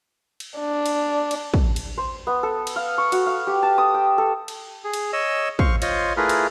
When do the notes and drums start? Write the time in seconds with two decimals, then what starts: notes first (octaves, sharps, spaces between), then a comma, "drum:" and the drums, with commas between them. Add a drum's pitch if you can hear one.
0.40 drum: cymbal
0.59 D4
0.86 drum: cymbal
1.31 drum: cymbal
1.54 drum: kick
1.76 drum: cymbal
1.98 C5
2.27 B3
2.43 A4
2.67 drum: cymbal
2.76 F5
2.98 C#6
3.12 F#4, drum: cymbal
3.26 F5
3.47 G4
3.63 A5
3.78 D#6
3.94 G5
4.18 A4
4.48 drum: cymbal
4.84 G#4
4.93 drum: cymbal
5.13 C#5 D#5 E6
5.59 C5 F5 C#6, drum: kick
5.82 F4 C5 C#5 D#5, drum: cymbal
6.17 A3 E4 F4 G#4 A#4 B4
6.29 drum: cymbal